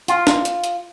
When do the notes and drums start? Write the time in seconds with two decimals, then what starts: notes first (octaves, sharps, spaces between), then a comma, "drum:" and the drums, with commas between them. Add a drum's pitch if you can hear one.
0.08 F4, drum: hi-hat
0.27 drum: snare D4
0.45 drum: hi-hat
0.64 drum: hi-hat